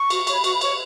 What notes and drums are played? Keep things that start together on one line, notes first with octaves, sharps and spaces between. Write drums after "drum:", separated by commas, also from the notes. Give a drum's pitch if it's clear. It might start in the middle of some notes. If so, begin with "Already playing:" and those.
Already playing: C#6
F#4, drum: cymbal
C#5, drum: cymbal
B5
F#4 C#6, drum: cymbal
B5
C#5 C#6, drum: cymbal